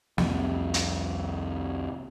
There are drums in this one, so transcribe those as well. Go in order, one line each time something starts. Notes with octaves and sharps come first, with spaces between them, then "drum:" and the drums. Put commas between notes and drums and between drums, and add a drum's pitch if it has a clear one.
C2 F2, drum: snare
drum: hi-hat